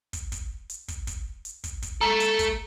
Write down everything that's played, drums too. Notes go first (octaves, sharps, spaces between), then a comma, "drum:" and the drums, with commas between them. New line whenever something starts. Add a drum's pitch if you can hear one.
drum: kick, hi-hat
drum: kick, hi-hat
drum: hi-hat
drum: kick, hi-hat
drum: kick, hi-hat
drum: hi-hat
drum: kick, hi-hat
drum: kick, hi-hat
A3 A4 A#5
drum: hi-hat
drum: kick, hi-hat